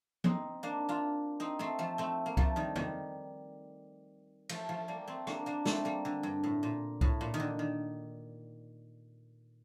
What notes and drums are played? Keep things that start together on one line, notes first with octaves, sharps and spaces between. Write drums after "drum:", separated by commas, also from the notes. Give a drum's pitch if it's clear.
C4 D#4, drum: tom F3
A#3 D4
D4 F4
C4 D#4
A3 C4
F3 A3
A3 C4
A#3
F3 A3, drum: kick C2
D#3 G3
D#3 G3, drum: tom E2
F3 A3, drum: cymbal
F3 A3
G3 A#3
A3 C4
A#3 D4, drum: rim click
A#3 D4
A3 C4, drum: snare
G3 A#3
D3
G2
A2
A#2
A2, drum: kick C2
A#2
D#3
D3
D#3